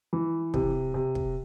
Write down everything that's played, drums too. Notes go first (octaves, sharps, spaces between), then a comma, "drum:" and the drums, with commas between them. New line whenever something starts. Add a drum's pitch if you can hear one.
E3
C3, drum: kick
C3
drum: kick